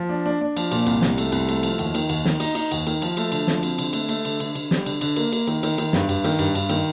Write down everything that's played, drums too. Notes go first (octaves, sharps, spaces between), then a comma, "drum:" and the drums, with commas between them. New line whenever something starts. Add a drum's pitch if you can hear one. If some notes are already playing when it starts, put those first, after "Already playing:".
Already playing: F3
D4
D4
D4
F3, drum: cymbal
A#2, drum: cymbal
C2, drum: cymbal
C2, drum: snare
A3, drum: cymbal
C2, drum: cymbal
A3, drum: cymbal
F3, drum: cymbal
D#2, drum: cymbal
D#3, drum: cymbal
D#2, drum: cymbal
D#3, drum: snare
D#4, drum: cymbal
D#4, drum: cymbal
D#2, drum: cymbal
D#3, drum: cymbal
F3, drum: cymbal
A3, drum: cymbal
D3, drum: cymbal
F3, drum: snare
C4, drum: cymbal
D3, drum: cymbal
A3, drum: cymbal
A3, drum: cymbal
D3, drum: cymbal
D3, drum: cymbal
D3, drum: cymbal
G3, drum: snare
D3, drum: cymbal
D3, drum: cymbal
A#3, drum: cymbal
A#3, drum: cymbal
D#3, drum: cymbal
D#3, drum: cymbal
D#3, drum: cymbal
G2, drum: snare
G2, drum: cymbal
D#3, drum: cymbal
G2, drum: cymbal
G2, drum: cymbal
D#3, drum: cymbal